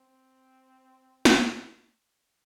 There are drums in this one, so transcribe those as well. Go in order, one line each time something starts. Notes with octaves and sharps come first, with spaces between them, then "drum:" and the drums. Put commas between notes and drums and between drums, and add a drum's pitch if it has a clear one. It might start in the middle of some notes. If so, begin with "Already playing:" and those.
Already playing: C4
drum: snare